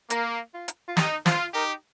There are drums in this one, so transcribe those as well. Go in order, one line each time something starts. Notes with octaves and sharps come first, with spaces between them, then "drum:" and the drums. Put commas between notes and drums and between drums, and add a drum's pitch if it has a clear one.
A#3 A#4, drum: hi-hat
F4
drum: hi-hat
F4
D#4 G4, drum: snare
F4 C5, drum: snare
D#4 G4 A#4